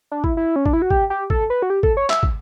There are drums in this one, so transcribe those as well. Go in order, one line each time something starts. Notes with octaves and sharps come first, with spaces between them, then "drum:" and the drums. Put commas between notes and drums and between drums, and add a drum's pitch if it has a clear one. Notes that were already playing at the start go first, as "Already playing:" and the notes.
D4
E4, drum: kick
E4
C#4
D4, drum: kick
E4
F#4
G4, drum: kick
G4
A4, drum: kick
B4
F#4
G4
A4, drum: kick
C#5
E5, drum: clap
drum: kick